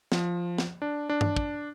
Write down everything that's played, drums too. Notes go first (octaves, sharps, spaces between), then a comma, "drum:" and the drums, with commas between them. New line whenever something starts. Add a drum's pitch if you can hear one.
F3, drum: snare
drum: snare
D4
D4
drum: tom G2
drum: kick